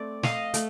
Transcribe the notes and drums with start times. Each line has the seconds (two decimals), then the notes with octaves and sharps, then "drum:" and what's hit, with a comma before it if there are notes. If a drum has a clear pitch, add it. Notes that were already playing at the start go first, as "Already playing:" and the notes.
Already playing: A3 C4 D5
0.23 D#5 F5, drum: snare
0.54 A3, drum: hi-hat